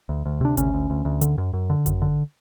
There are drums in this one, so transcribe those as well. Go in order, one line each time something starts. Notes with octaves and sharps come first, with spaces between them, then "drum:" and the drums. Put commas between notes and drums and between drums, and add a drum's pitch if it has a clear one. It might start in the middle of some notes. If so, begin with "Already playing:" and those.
D2
D2
C3 D4
D2 C#4, drum: kick G#1, hi-hat
D2
D2
D2
D3, drum: hi-hat
F#2
F#2
D3
F#2, drum: kick G#1, hi-hat
D3